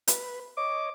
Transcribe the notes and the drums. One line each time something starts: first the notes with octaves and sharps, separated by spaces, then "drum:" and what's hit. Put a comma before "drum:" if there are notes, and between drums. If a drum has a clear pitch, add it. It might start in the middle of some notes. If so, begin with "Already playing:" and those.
B4, drum: hi-hat
C#5 D#5 D6